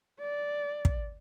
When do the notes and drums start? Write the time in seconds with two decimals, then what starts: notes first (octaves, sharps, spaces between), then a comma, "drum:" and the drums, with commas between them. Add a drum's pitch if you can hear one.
0.20 D5
0.85 drum: kick